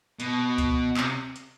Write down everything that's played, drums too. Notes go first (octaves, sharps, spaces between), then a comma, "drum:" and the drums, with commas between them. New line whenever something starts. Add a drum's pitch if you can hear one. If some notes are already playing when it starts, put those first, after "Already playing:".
B2, drum: hi-hat
drum: kick C#2, hi-hat
C3, drum: clap
drum: hi-hat